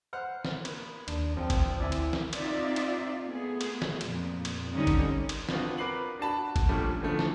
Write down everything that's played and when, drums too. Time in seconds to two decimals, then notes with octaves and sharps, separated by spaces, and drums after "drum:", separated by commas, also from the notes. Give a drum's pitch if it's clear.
0.13 C5 F#5 F6
0.45 drum: snare
0.65 A#3 B3, drum: cymbal
1.08 D#2 D4, drum: cymbal
1.37 E2 F3 C4
1.50 drum: kick G#1, cymbal
1.80 D2 E4 D5 E5 G#5
1.92 drum: cymbal
2.13 drum: snare
2.33 C4 D#4 F4 D5 E5, drum: cymbal
2.76 drum: cymbal
3.25 A3 B3 G#4
3.61 drum: cymbal
3.82 drum: snare
4.01 F2 A#2, drum: cymbal
4.45 drum: cymbal
4.72 D3 G3 C4 C#4 D#4
4.87 drum: kick G#1, cymbal
5.29 drum: cymbal
5.49 B3 C4 D4 F4 F#4, drum: snare
5.78 A#4 B4 D6 C7 F#7
6.19 D4 F#4 A5 B5
6.56 drum: kick G#1, cymbal
6.69 A#2 F3 G3 A3 C#4 D4
7.02 D3 E3 F3 A3
7.19 drum: snare